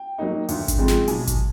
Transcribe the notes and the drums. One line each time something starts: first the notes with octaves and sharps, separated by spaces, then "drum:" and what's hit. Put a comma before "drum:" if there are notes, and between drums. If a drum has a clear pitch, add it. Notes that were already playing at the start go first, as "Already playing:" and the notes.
Already playing: G5
F#3 A#3 D#4
D2, drum: open hi-hat
drum: kick G#1, hi-hat
C#3 F3 G#3 C4
drum: snare
B1 G#5, drum: open hi-hat
drum: kick G#1, hi-hat